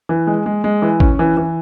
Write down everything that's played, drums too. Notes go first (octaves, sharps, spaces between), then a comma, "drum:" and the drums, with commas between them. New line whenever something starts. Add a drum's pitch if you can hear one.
E3
G#3
G#3
G#3
E3
C#4, drum: kick A1
E3
E3